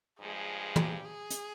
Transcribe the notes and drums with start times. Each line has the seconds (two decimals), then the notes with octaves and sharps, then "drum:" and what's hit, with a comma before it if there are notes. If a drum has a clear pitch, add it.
0.19 G2 F3 G#3 G#4
0.76 G4, drum: tom
1.05 G#4
1.30 drum: hi-hat